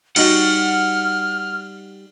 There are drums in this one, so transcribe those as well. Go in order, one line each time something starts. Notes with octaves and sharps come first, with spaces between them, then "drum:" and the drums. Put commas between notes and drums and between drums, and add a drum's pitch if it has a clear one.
G3 D#4 F#4 F#5 F6, drum: cymbal